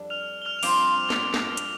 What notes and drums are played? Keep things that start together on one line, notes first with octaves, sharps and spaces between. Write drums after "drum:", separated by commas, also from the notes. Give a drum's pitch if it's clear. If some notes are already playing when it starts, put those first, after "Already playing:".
Already playing: F2 G3 D4
F6 F7
G7
F6 F7
F7
G2 F3 C4 F4 C5 D6 D7, drum: open hi-hat
drum: snare
drum: snare
drum: hi-hat